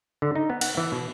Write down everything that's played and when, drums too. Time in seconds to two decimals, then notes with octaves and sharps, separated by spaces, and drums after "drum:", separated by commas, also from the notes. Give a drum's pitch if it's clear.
0.22 D3
0.35 D#4
0.50 B3
0.61 F#5, drum: cymbal
0.77 E3
0.92 B2